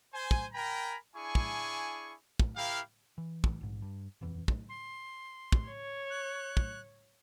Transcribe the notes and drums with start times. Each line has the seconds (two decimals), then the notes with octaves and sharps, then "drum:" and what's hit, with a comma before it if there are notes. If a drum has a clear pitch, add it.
0.13 C5 G#5
0.31 drum: kick
0.53 A#4 G5 G#5 A#5 B5
1.16 D4 E4 G#4 G#5 C#6
1.35 drum: kick
2.40 drum: kick
2.56 E4 G4 A#4 F5
3.18 E3
3.44 drum: kick
3.61 A#1 G#2
3.82 G2
4.21 D#1 F2 E3
4.48 drum: kick
4.69 C6
5.52 drum: kick
5.68 C#5
6.10 F#6
6.57 drum: kick